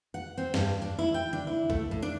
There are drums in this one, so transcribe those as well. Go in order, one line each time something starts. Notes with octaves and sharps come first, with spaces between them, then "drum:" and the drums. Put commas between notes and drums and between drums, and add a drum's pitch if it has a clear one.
F#5
C4
G2, drum: snare
D4
E4
G5
D4, drum: tom C#3
E4
A3, drum: kick
A2
D4